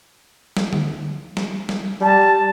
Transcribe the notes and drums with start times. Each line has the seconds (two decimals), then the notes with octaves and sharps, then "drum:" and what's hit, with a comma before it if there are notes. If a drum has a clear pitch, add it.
0.57 drum: snare
0.73 drum: tom D3
1.37 drum: snare
1.69 drum: snare
2.01 G3 A5